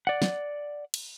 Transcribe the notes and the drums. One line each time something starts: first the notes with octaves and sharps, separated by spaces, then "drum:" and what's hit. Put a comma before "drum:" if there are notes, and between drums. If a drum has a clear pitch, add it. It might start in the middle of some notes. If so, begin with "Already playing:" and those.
D5 F#5
drum: snare
drum: cymbal